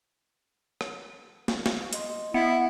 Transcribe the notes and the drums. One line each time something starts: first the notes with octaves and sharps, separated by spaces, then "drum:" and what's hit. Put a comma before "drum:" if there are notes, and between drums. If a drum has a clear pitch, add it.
drum: rim click
drum: snare
drum: snare
D#5 C6, drum: hi-hat
B3 E4 E5